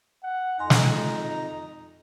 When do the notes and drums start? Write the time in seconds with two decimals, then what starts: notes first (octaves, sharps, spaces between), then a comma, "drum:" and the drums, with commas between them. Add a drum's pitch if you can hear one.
0.23 F#5
0.59 F2 D#4 G#5 A#5 C6
0.70 drum: snare